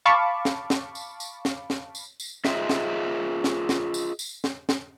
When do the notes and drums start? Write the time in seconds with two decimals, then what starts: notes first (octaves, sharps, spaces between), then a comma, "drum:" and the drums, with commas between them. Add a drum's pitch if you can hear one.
0.05 F5 A5 B5 C#6 D6
0.45 drum: snare
0.70 drum: snare
0.95 drum: tambourine
1.20 drum: tambourine
1.45 drum: snare
1.70 drum: snare
1.95 drum: tambourine
2.20 drum: tambourine
2.45 F4 G#4 C5 D#5 E5, drum: snare
2.69 drum: snare
3.44 drum: snare
3.69 drum: snare
3.94 drum: tambourine
4.19 drum: tambourine
4.44 drum: snare
4.69 drum: snare